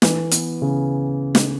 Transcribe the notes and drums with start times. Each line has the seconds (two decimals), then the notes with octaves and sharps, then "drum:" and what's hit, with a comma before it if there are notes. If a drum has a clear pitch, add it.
0.02 E3, drum: snare
0.31 B3, drum: hi-hat
0.62 C#3
1.35 drum: snare